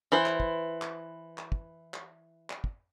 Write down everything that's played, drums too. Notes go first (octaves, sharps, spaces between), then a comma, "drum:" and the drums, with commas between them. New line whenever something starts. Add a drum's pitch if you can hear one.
E3 E4 C5
drum: clap
drum: kick
drum: clap
drum: clap
drum: kick
drum: clap
drum: clap
drum: kick